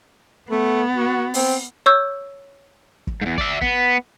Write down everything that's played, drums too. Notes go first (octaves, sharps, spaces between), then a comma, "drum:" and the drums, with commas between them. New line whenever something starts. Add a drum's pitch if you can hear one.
A3 B3
F#4
C4, drum: open hi-hat
C#5 C#6 E6 G6
drum: kick
E2 G#2
D5 E5, drum: kick
B3, drum: kick